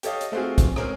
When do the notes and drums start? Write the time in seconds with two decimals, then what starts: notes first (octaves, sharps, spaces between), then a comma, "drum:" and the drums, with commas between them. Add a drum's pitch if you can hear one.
0.03 G4 A4 C#5 D#5 F5, drum: hi-hat
0.21 drum: hi-hat
0.32 A3 C4 F4 F#4 G#4
0.58 drum: kick, hi-hat
0.76 G#3 C4 C#4 G#4 A#4, drum: rim click